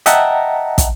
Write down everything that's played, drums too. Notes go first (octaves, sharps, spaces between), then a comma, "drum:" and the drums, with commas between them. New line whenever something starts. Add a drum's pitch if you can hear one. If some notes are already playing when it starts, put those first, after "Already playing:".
D#5 E5 F#5 G5 A5 A#5, drum: hi-hat
drum: kick, hi-hat